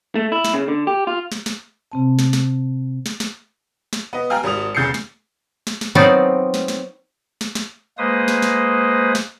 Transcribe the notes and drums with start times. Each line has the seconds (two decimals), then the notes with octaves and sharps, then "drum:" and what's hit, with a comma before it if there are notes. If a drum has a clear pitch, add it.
0.16 A3
0.32 E4
0.45 drum: snare
0.54 C#3
0.68 D3
0.87 G4
1.07 F4
1.32 drum: snare
1.46 drum: snare
1.92 C3 C4 A5
2.19 drum: snare
2.33 drum: snare
3.06 drum: snare
3.20 drum: snare
3.93 drum: snare
4.13 B3 D#5
4.30 F5 G5 G#5 A#5 F6
4.43 G#1 G3 D#6 F7
4.75 E2 C#3 G6 A6 C7 C#7
4.94 drum: snare
5.67 drum: snare
5.81 drum: snare
5.95 F#3 B3 C4 D#4 F4 D5
6.54 drum: snare
6.68 drum: snare
7.41 drum: snare
7.55 drum: snare
7.98 G#3 A#3 B4 C5 D#6
8.28 drum: snare
8.42 drum: snare
9.15 drum: snare